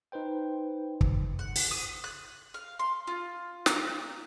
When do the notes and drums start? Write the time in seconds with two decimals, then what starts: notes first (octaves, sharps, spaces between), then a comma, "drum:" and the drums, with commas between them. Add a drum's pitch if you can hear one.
0.12 D#4 B4 C5 G5
1.01 drum: kick
1.39 F#5
1.56 drum: open hi-hat
1.71 D#6
2.04 F#6
2.54 F5
2.79 C6
3.07 F4
3.66 A#5, drum: snare